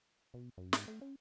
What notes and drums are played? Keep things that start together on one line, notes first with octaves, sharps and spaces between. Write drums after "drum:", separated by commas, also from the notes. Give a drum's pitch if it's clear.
B2
F#2
G#2, drum: snare
A3
C#4